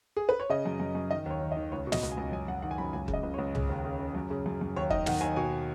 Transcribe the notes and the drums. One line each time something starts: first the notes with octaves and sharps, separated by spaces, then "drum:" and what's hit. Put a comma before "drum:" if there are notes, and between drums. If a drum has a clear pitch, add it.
G#4
B4
C#5
C#3 D#5
F#2
F#2
F#2
D#3 D#5
D#2
C#5
D#3
D#5
D#3
C#2 C#5
B2
D#5, drum: snare
C#2
G#5
C#2
F#2 G#5
F#2 F#5
D#3 F#5
G#5
F#2 B5
C#2 G#5
C#3, drum: kick
D#5
C#2
C#2 C#5
C#3, drum: tom C2
D#2
C#3
C#3
F#2
C#3
F#2
F#2
D#2 C#5
D#3 D#5, drum: kick
D#3 F#5, drum: snare
D#2 G#5
B2 G#5